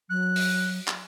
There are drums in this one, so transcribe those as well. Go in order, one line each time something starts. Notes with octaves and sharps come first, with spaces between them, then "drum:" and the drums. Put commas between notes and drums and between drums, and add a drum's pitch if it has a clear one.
F#3 F#6
drum: open hi-hat
drum: clap